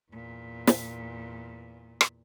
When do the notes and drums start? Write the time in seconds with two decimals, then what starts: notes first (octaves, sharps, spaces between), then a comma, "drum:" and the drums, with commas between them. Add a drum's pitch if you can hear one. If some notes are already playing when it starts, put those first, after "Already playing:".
0.12 E2 A#2
0.67 drum: snare
2.01 drum: rim click